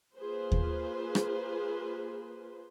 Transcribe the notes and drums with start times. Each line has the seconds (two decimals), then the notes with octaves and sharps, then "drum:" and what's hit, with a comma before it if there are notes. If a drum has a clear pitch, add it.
0.17 A#3 F4 G#4 B4 C5
0.52 drum: kick D#2
1.15 drum: rim click